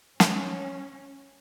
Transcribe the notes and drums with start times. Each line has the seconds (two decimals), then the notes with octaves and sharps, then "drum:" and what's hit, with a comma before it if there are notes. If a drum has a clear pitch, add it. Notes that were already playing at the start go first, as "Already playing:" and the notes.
0.20 C#4, drum: snare